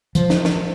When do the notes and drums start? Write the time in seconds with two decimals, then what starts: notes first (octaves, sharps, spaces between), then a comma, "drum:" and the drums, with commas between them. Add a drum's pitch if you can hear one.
0.15 F3, drum: hi-hat
0.30 drum: snare
0.45 drum: snare